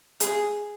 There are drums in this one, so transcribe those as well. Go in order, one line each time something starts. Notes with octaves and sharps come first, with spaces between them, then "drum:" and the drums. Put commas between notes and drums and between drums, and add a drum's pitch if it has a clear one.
G#4, drum: hi-hat